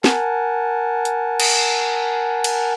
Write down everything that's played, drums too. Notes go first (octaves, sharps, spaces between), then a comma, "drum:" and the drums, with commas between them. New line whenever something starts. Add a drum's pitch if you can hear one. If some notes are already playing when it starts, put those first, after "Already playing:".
A#4 F#5 G#5 A5, drum: snare
drum: hi-hat
drum: cymbal
drum: cymbal